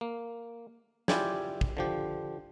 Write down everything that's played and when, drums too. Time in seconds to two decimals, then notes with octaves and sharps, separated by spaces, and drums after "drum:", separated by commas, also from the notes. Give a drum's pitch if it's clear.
0.01 A#3
1.08 E4 F4 G4 D5 G5 G#5, drum: snare
1.61 drum: kick
1.77 D3 F3 G4